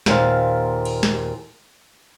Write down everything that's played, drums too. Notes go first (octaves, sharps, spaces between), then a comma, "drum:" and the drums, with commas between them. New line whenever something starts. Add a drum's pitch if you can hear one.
D#2 A#2 C5 F5, drum: snare
drum: cymbal
drum: snare